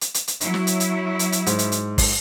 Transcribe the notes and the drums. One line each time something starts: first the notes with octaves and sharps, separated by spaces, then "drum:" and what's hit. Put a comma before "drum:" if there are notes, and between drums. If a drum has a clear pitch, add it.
drum: hi-hat
drum: hi-hat
drum: hi-hat
F#3 E4, drum: hi-hat
drum: snare
drum: hi-hat
drum: hi-hat
drum: hi-hat
drum: hi-hat
G#2, drum: hi-hat
drum: hi-hat
drum: hi-hat
drum: kick, open hi-hat